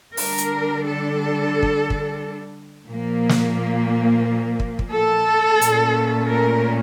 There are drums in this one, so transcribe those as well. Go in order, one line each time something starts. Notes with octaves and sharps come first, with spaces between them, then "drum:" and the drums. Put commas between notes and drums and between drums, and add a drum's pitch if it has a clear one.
D3 G3 D4 A#4, drum: open hi-hat
drum: hi-hat
A4
drum: kick
drum: kick
A#2 F3 A#3
drum: snare
drum: kick
drum: kick
A4
A#2 A3 C#4, drum: hi-hat
A#4